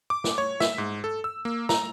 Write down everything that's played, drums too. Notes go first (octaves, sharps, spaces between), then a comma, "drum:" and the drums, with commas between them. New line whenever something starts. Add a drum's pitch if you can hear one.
D6
drum: snare
C#5
E5, drum: snare
G#2
A4
E6
A#3
A#5, drum: snare